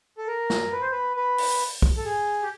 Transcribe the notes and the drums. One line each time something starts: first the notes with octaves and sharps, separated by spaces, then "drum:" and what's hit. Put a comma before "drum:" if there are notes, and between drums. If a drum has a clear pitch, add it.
A4
A#4
drum: snare
B4
C5
B4
B4
drum: open hi-hat
drum: kick
A4
G#4
G4